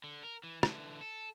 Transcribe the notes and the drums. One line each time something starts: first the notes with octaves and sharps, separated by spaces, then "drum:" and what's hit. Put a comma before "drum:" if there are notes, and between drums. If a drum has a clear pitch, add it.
D3
A#4
E3
D3 E3, drum: rim click
A4